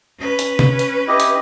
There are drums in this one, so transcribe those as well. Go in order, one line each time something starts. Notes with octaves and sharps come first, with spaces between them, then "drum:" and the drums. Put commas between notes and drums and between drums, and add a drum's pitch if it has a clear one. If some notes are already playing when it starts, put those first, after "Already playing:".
C#4 B4
drum: hi-hat
drum: tom C3
drum: hi-hat
E4 G4 D#5
drum: hi-hat